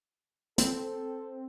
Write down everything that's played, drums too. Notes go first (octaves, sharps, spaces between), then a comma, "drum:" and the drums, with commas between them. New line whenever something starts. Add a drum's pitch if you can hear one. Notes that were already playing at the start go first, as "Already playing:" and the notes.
C4 A4, drum: hi-hat